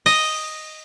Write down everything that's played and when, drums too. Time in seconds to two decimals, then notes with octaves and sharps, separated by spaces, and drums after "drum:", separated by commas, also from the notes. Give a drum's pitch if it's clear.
0.06 D#5, drum: open hi-hat